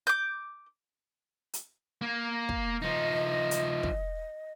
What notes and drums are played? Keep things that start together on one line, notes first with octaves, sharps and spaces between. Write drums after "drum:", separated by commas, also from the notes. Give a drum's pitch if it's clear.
D6 G6
drum: hi-hat
A#3
drum: kick
F3 D#4 D#5
drum: hi-hat
drum: kick